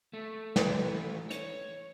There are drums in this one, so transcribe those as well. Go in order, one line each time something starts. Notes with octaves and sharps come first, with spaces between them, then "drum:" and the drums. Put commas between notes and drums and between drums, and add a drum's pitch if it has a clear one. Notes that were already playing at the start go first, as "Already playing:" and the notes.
A3
drum: snare
E3 A3
C#5, drum: hi-hat